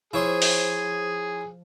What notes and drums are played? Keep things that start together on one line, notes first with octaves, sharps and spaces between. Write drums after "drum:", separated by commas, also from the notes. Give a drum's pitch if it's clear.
F3 E4 G#4 C#5 C6
drum: open hi-hat